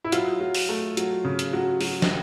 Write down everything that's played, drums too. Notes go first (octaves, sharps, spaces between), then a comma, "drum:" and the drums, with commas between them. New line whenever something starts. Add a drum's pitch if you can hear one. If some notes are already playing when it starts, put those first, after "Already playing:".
E4
F#3 F4, drum: hi-hat
F#3
drum: open hi-hat
A3
F#3, drum: hi-hat
C#3
drum: hi-hat
F#3
F#3, drum: open hi-hat
drum: snare